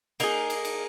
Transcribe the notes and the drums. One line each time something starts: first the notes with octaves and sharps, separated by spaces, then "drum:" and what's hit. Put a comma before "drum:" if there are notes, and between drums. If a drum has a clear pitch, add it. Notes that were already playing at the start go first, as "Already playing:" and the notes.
A#3 D#4 G#4, drum: cymbal
drum: cymbal
drum: cymbal